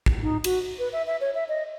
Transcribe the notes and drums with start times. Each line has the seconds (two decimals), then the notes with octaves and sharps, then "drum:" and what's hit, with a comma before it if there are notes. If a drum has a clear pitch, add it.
0.06 drum: kick
0.23 D#4
0.44 F#4, drum: cymbal
0.79 B4
0.93 E5
1.07 E5
1.21 C#5
1.35 E5
1.49 D#5